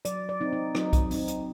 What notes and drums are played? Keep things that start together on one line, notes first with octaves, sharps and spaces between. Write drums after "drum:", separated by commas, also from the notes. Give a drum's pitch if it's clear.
F#3 D5, drum: hi-hat
D5
C4 D#4
D#4
F#3 D#4, drum: rim click
drum: kick B1, hi-hat
C4 D#4, drum: open hi-hat
drum: hi-hat